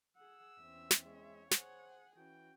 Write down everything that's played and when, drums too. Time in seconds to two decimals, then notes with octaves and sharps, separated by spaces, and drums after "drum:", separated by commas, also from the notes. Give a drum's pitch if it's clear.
0.17 G#4 F#5 E6
0.60 E2 C4 C#4 E5
0.91 drum: snare
1.06 G#3 C#5
1.51 G#4 C5 F#5, drum: snare
2.17 E3 C#4 F#4 G5